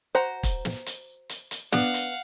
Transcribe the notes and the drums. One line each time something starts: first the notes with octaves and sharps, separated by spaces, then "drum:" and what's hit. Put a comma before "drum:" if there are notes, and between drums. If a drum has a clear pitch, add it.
F#4 C5 F#5 A#5
drum: kick, hi-hat
drum: snare
drum: hi-hat
drum: hi-hat
drum: hi-hat
B3 D4 F5 F#5, drum: snare
drum: hi-hat